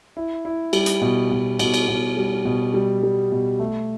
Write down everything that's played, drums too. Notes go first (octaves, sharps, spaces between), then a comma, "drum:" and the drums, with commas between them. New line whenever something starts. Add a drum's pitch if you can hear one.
E4
E4
G3, drum: cymbal
drum: hi-hat
B2
B2
B2, drum: cymbal
drum: cymbal
B2
G3
B2
G3
G3
B2
A3